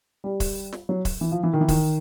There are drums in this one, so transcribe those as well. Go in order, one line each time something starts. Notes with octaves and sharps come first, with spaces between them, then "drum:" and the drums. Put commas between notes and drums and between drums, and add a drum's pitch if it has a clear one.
G3
drum: kick, open hi-hat
drum: snare
F#3
drum: kick, open hi-hat
E3
F3
E3
D#3
E3
D#3, drum: kick, open hi-hat